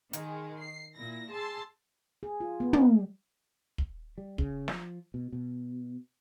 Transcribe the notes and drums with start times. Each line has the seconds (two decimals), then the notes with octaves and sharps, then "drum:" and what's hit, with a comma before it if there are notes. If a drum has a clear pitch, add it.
0.13 D#3 G#3, drum: hi-hat
0.60 C7
0.96 A#2 E4 A#6
1.31 G#4 A5 C6 E6
2.23 G#4
2.40 F4
2.60 B3
2.73 D#4, drum: tom
3.78 drum: kick
4.18 G3
4.38 C#3, drum: kick
4.68 F3, drum: snare
5.14 B2
5.32 B2